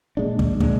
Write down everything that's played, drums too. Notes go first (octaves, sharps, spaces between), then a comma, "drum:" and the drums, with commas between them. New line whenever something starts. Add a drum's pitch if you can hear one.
A#2 G#3 D4
drum: kick
A#2 G#3 D4, drum: kick